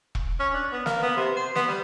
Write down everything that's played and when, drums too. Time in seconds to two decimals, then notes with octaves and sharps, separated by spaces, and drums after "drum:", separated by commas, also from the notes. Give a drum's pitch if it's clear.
0.15 drum: kick E1
0.40 C#4
0.54 D4
0.72 B3
0.86 A#3, drum: snare
1.03 B3
1.16 C3
1.36 C5
1.55 B3, drum: snare
1.68 G3